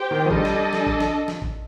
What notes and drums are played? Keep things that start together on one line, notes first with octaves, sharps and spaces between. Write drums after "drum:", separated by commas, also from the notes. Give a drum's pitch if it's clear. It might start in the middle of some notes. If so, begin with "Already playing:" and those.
Already playing: G4 C5 G5
D#3
F3
G3 D4 A4 D#5, drum: kick
drum: snare
drum: snare
drum: kick
drum: snare
drum: snare
drum: kick